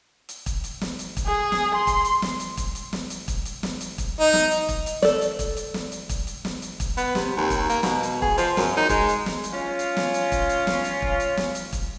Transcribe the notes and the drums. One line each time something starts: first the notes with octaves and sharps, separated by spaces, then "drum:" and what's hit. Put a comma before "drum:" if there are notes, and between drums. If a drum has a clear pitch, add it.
drum: hi-hat
drum: kick, hi-hat
drum: hi-hat
drum: snare
drum: hi-hat
drum: kick, hi-hat
G#4
drum: snare
C6
drum: kick, hi-hat
drum: hi-hat
drum: snare
drum: hi-hat
drum: kick, hi-hat
drum: hi-hat
drum: snare
drum: hi-hat
drum: kick, hi-hat
drum: hi-hat
drum: snare
drum: hi-hat
drum: kick, hi-hat
D#4
drum: snare
drum: hi-hat
drum: kick, hi-hat
drum: hi-hat
A4 D5, drum: snare
drum: hi-hat
drum: kick, hi-hat
drum: hi-hat
drum: snare
drum: hi-hat
drum: kick, hi-hat
drum: hi-hat
drum: snare
drum: hi-hat
drum: kick, hi-hat
B3, drum: hi-hat
C3, drum: snare
D#2
drum: kick, hi-hat
A#3, drum: hi-hat
B2, drum: snare
drum: hi-hat
G#4, drum: kick
F3, drum: hi-hat
F#2, drum: snare
D#4
G#3, drum: kick, hi-hat
drum: hi-hat
drum: snare
drum: hi-hat
C#4 F4
drum: hi-hat
drum: snare
drum: hi-hat
drum: kick, hi-hat
drum: hi-hat
drum: snare
drum: hi-hat
drum: kick
drum: hi-hat
drum: snare
drum: hi-hat
drum: kick, hi-hat